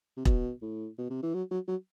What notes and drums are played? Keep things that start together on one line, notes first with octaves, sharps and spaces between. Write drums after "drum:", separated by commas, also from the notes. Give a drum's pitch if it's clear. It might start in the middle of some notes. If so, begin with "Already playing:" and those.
C3
B2, drum: kick E1
A2
B2
C3
E3
F#3
F#3
F#3